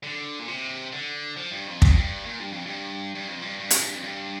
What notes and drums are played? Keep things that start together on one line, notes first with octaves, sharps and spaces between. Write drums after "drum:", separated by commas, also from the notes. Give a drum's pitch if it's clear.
D3
A#2
C3
D3
F3
G2
F2
G2, drum: kick
F2
G2
A#2
G2
F2
G2
G2
F2
G2
G2
A#2, drum: hi-hat
G2
F2
G2